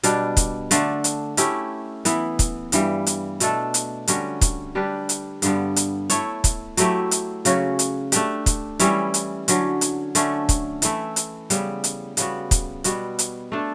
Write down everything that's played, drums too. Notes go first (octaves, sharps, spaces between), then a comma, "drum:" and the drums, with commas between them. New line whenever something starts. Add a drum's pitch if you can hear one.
B2 G3 D4, drum: hi-hat
drum: kick, hi-hat
D3 A3 D4, drum: hi-hat
drum: hi-hat
A3 C#4 E4 G4, drum: hi-hat
E3 B3 E4, drum: hi-hat
drum: kick, hi-hat
G2 E3 G3, drum: hi-hat
drum: hi-hat
B2 A3 D4 A4, drum: hi-hat
drum: hi-hat
D3 G3 C#4 F#4, drum: hi-hat
drum: kick, hi-hat
G3 D4 G4 B4
drum: hi-hat
G2 D3 G3 B3, drum: hi-hat
drum: hi-hat
A3 E4 A4 C#5, drum: hi-hat
drum: kick, hi-hat
F#3 A3 E4 G4, drum: hi-hat
drum: hi-hat
C#3 F#3 C#4 F#4, drum: hi-hat
drum: hi-hat
A3 D4 G4, drum: hi-hat
drum: kick, hi-hat
E3 G3 C#4 E4, drum: hi-hat
drum: hi-hat
D3 F#3 C#4, drum: hi-hat
drum: hi-hat
D3 A3 C#4, drum: hi-hat
drum: kick, hi-hat
E3 A3 E4, drum: hi-hat
drum: hi-hat
C#3 G3 B3, drum: hi-hat
drum: hi-hat
C#3 G3 B3 F#4, drum: hi-hat
drum: kick, hi-hat
B2 G3 B3 F#4, drum: hi-hat
drum: hi-hat
A3 D4 A4